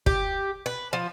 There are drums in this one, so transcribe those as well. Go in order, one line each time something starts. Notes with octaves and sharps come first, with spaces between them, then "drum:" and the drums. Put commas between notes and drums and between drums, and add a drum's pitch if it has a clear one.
G4, drum: kick
B4
F3